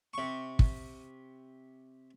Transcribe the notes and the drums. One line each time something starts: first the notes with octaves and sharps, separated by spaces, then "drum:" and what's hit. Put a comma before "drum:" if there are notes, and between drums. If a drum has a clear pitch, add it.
C3 C#6
drum: kick